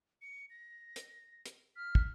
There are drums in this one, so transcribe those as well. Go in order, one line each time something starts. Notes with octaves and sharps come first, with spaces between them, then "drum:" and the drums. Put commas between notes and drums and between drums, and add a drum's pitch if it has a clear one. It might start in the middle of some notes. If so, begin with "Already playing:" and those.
C#7
A#6
drum: hi-hat
drum: hi-hat
F6 B6
drum: kick